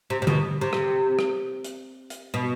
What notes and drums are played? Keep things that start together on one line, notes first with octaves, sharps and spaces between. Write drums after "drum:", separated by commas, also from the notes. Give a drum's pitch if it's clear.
C3
C3
B2, drum: tom D3
C3
drum: rim click
drum: rim click
drum: hi-hat
drum: hi-hat
B2